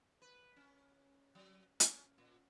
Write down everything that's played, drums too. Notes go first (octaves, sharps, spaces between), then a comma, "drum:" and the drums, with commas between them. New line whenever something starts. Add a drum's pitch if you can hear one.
B4
C#4
F#3
C#4, drum: hi-hat
A#2